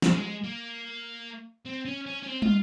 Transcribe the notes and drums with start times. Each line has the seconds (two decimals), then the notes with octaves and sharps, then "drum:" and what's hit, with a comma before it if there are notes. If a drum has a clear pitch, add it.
0.02 drum: snare
0.13 G#3
0.44 A#3
1.66 C4
1.85 C#4
2.06 C#4
2.23 C#4
2.27 C4
2.42 F4, drum: tom